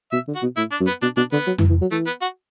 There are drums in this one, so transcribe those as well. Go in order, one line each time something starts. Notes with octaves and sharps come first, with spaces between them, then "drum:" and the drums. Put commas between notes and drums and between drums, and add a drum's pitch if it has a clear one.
B2 E5
D3
F#4
B2
A2 E4
D4
F#2
B3
B2 D4
B2 D4
D3 B3
F#3
E3, drum: tom F2
E3
F#3
E3 A3
B3
F#4